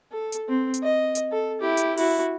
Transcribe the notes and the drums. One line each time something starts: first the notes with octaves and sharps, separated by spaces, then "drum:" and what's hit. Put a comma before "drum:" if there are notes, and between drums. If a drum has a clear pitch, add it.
A4
drum: hi-hat
C4
drum: hi-hat
D#5
drum: hi-hat
A4
E4 G4
drum: hi-hat
E4 F#4, drum: open hi-hat